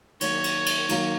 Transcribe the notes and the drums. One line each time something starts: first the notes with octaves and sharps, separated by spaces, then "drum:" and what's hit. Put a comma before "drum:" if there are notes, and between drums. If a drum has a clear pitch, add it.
D#3 F#3 A#3 C#5, drum: cymbal
drum: cymbal
drum: cymbal
D#3 F#3 A#3, drum: cymbal